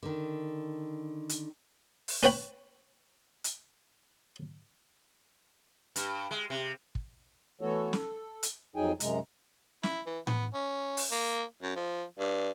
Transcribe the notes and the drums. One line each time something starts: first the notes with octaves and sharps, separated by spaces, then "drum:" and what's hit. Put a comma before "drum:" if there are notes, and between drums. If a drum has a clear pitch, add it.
D3 D#3
drum: hi-hat
drum: open hi-hat
C#4 B4 C#5 G5 B5
drum: hi-hat
G2, drum: hi-hat
G#3
C3
drum: kick
E3 A3 B3 F#4 A4 C#5
A4, drum: snare
drum: hi-hat
F2 F#3 D#4 G#4 G5 G#5
F#2 C3 G#3 A#5, drum: hi-hat
E4, drum: snare
E3
B3, drum: tom A2
C#4
drum: open hi-hat
A#3
F#2
F3
G2